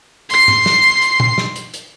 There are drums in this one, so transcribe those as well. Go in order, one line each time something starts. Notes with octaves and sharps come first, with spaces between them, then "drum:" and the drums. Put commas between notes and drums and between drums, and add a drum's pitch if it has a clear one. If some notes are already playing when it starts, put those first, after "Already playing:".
C6 C7, drum: hi-hat
drum: tom G#2
drum: snare
drum: hi-hat
drum: tom
drum: snare
drum: hi-hat
drum: hi-hat